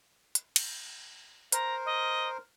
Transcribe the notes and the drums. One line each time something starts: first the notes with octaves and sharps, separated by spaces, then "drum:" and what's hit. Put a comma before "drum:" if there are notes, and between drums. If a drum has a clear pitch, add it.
drum: hi-hat
drum: cymbal
A#4 C5 A#5, drum: hi-hat
D#5